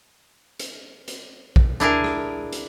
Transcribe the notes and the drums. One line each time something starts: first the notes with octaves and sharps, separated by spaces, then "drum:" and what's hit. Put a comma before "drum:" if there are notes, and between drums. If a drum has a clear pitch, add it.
drum: hi-hat
drum: hi-hat
drum: kick A#1
D4 E4 G#4 A#4
drum: rim click
drum: hi-hat